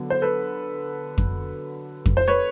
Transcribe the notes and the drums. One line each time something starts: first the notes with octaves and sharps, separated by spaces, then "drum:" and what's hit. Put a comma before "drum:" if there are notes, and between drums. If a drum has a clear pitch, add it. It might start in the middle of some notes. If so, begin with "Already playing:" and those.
Already playing: D3 F#3 B3
C5
A4 B4
drum: kick F2
drum: kick F2
C5
B4 C#5